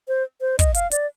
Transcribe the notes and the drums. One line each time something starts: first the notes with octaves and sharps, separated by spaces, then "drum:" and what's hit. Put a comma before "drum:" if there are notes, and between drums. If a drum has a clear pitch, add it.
C5
C5
D#5, drum: kick, hi-hat
F5, drum: hi-hat
D5, drum: hi-hat